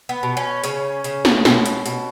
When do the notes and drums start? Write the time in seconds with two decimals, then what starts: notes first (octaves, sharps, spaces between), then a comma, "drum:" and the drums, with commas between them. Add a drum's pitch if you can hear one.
0.09 B3
0.23 B2
0.37 C#4
0.64 C#3 C#4, drum: hi-hat
1.04 C#3, drum: hi-hat
1.25 drum: snare
1.45 B2, drum: snare
1.66 drum: hi-hat
1.86 B2, drum: hi-hat